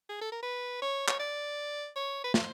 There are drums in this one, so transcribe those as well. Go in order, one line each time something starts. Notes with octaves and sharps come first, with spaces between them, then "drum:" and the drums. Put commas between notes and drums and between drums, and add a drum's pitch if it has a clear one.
G#4
A4
A#4
B4
C#5
C#5, drum: clap
D5
C#5
B4
C5, drum: snare